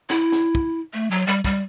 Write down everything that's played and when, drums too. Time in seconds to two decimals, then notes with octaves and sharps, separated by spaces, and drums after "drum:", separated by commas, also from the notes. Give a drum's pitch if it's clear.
0.10 E4, drum: snare
0.32 drum: snare
0.55 drum: kick
0.93 A3
1.11 F#3
1.27 G3
1.45 G3, drum: kick